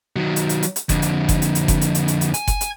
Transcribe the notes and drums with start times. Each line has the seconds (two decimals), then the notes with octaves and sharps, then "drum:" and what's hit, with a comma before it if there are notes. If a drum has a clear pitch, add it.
0.16 D#3 F#3
0.36 drum: hi-hat
0.49 drum: hi-hat
0.63 drum: hi-hat
0.76 drum: hi-hat
0.89 F2 D3, drum: kick F#1, hi-hat
1.02 drum: hi-hat
1.29 drum: kick F#1, hi-hat
1.42 drum: hi-hat
1.55 drum: hi-hat
1.68 drum: kick F#1, hi-hat
1.81 drum: hi-hat
1.95 drum: hi-hat
2.08 drum: hi-hat
2.21 drum: hi-hat
2.34 G#5, drum: hi-hat
2.47 drum: kick F#1, hi-hat
2.61 drum: hi-hat